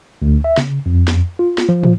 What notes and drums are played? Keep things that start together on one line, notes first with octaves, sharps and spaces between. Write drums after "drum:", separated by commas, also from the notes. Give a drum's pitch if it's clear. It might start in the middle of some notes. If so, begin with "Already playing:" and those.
D2
E5
C#3, drum: snare
F2
drum: snare
F4
drum: snare
F3
drum: tom